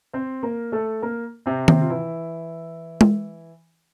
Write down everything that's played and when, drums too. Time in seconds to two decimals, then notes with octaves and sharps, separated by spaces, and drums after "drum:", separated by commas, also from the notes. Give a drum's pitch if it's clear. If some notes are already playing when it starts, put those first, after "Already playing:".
0.13 C4 C5
0.43 A#3 A#4
0.72 A3 A4
1.02 A#3 A#4
1.46 C3 C4
1.68 C3 C4, drum: tom D#3
1.81 F4
1.90 E3 E4
3.01 drum: tom G#3